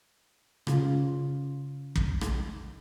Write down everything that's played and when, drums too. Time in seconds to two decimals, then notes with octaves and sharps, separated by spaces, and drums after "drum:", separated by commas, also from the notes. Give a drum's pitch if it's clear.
0.67 C#3 F4, drum: rim click
1.96 drum: kick
2.21 drum: rim click